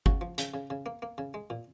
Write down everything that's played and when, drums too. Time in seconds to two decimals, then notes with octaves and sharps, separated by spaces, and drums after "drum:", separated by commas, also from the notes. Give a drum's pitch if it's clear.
0.06 C#3 F#4, drum: kick G1
0.21 F3
0.38 C#3, drum: hi-hat
0.54 C#3
0.70 C#3
0.86 A#3
1.02 A#3
1.18 C#3
1.34 G#3
1.50 A#2